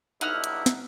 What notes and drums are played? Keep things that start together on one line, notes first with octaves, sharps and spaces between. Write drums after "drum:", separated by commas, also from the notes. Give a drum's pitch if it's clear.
B1 G2 D#4 E4 F#5 F6, drum: hi-hat
drum: hi-hat
drum: snare